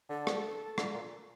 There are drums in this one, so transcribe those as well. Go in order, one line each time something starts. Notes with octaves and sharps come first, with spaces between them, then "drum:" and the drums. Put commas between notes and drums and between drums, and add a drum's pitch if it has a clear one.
D3 A4
drum: rim click
D3, drum: rim click
A#2